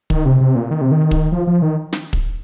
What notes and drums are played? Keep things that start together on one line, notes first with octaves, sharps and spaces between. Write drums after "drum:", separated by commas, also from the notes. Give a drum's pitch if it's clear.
D#3, drum: kick
C3
C3
A#2
D#3
C3
D#3
drum: kick
F3
F3
D#3
drum: snare
drum: kick